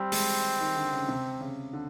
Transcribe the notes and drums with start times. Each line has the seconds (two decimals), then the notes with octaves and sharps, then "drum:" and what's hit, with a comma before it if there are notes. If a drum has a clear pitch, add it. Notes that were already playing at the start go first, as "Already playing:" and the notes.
Already playing: G3 C4
0.12 G#3, drum: open hi-hat
0.60 D#3
0.76 D3
0.93 C#3
1.09 C3
1.41 C#3
1.73 D3